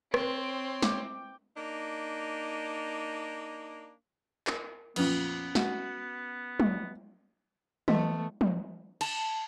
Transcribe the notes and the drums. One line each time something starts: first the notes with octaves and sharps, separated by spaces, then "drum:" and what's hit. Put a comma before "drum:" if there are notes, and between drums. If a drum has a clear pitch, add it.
C4 C#5 C6, drum: rim click
G5 D6, drum: snare
A#3 D4 D#4
A#4, drum: clap
F2 A#2 B3 C#4 B4 D#6, drum: cymbal
F#4, drum: snare
drum: tom
E3 A3 B3 D#5, drum: tom
drum: tom
A5, drum: cymbal